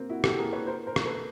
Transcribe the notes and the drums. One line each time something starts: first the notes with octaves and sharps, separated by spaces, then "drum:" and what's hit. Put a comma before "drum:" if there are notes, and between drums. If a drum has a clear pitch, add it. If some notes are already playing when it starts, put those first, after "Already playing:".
Already playing: A#3 C4
E4 F#4
G4 A4, drum: rim click
G#4 A#4
B4 C#5
A#4 C5
A#4 C5
drum: rim click
A4 B4